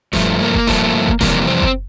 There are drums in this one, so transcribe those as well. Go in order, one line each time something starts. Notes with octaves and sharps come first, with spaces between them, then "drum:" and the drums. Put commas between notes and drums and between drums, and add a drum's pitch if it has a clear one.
G2 F3 A3, drum: snare D#1
A#3
drum: kick F#1
G2 F3 A3, drum: snare D#1
drum: kick F#1
F2 C3 E3 G3 A#3, drum: snare D#1
C4
drum: kick F#1